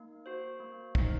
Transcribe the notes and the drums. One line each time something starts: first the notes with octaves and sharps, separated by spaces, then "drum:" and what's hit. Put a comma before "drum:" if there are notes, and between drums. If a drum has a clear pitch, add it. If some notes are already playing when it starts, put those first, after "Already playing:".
Already playing: A#3 D#4
F#4 C5
A#3
D#4, drum: kick